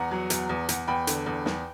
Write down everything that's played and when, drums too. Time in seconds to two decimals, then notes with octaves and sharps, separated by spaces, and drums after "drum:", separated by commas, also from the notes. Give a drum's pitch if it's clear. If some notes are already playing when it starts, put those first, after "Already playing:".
Already playing: E2 F#5 A#5
0.11 F#3
0.30 E2, drum: hi-hat
0.49 E2
0.69 E2, drum: hi-hat
0.88 E2 G5 B5
1.07 D3, drum: hi-hat
1.26 E2
1.46 E2, drum: snare